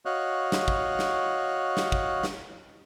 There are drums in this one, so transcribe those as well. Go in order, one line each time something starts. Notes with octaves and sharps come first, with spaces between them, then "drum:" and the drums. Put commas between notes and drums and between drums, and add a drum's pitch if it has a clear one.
F#4 C#5 D#5 F5 F#6
drum: snare
drum: kick
drum: snare
drum: snare
drum: kick
drum: snare